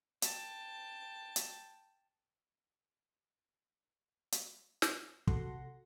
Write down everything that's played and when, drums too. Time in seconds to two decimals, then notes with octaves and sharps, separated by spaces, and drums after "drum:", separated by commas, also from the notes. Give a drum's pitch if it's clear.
0.22 G5 A5, drum: hi-hat
1.36 drum: hi-hat
4.32 drum: hi-hat
4.82 drum: snare
5.27 C3 F#4 A4 F#5 C6 A#6, drum: kick